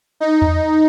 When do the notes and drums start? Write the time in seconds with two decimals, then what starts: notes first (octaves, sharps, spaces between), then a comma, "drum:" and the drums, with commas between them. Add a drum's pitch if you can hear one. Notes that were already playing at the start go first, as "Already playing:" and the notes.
0.20 D#4
0.42 drum: tom E2